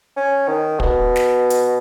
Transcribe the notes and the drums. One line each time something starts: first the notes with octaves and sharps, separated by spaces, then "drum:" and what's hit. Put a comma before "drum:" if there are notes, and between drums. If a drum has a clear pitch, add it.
C#4
D#3
B2, drum: kick
drum: snare
drum: hi-hat